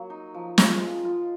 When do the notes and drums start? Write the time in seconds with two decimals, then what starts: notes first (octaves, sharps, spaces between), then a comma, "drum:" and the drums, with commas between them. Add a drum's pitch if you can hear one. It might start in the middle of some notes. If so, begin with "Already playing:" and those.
Already playing: F#3 A#3
0.10 D#4
0.34 F3
0.58 G#3, drum: snare
0.81 F4
1.05 F4